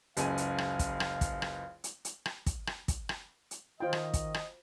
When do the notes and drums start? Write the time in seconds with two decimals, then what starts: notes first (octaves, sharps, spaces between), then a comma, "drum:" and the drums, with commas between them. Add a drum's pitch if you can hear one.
0.17 F#1 C#2 F5 G#5, drum: hi-hat
0.38 drum: hi-hat
0.58 drum: rim click
0.79 drum: kick, hi-hat
1.00 drum: rim click
1.21 drum: kick, hi-hat
1.42 drum: rim click
1.84 drum: hi-hat
2.05 drum: hi-hat
2.26 drum: rim click
2.46 drum: kick, hi-hat
2.67 drum: rim click
2.88 drum: kick, hi-hat
3.09 drum: rim click
3.51 drum: hi-hat
3.80 D#3 F4 F#4 C5 D#5 G5
3.93 drum: rim click
4.14 drum: kick, hi-hat
4.34 drum: rim click